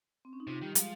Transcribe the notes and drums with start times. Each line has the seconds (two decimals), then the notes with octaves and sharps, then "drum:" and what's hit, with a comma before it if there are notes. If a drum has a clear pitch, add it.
0.25 C4
0.33 C#4
0.40 D#4
0.47 C3 F4
0.61 D#3 G3 G4
0.75 F3 G#3 G#4, drum: hi-hat